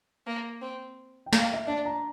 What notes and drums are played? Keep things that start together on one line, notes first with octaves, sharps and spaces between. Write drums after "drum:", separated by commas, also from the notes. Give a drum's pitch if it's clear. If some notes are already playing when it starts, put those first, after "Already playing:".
A#3
C4
G5
A#3, drum: snare
F5
E5
D4 D5
A#5